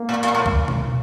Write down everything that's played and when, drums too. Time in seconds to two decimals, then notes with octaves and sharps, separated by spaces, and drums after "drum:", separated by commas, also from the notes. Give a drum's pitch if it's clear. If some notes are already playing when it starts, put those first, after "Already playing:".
Already playing: A#3
0.09 A#2
0.23 A#2, drum: hi-hat
0.35 A2
0.46 drum: kick
0.68 drum: tom B2